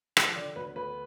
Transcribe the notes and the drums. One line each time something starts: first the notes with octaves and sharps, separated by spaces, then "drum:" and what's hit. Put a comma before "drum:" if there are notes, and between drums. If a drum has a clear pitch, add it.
F3 G5, drum: rim click
D3 D5
D2 B4
D2 B4